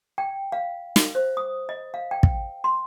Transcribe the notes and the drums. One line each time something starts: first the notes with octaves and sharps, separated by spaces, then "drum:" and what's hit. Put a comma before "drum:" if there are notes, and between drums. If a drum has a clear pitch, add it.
G5
F5
drum: snare
C5
D#6
D#5
F5
G5
drum: kick
C6